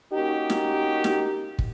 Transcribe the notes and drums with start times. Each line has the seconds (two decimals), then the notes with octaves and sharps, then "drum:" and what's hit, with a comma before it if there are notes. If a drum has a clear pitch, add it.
0.13 A#3 C#4 D#4 F#4 G4
0.50 drum: snare
1.04 drum: snare
1.59 drum: kick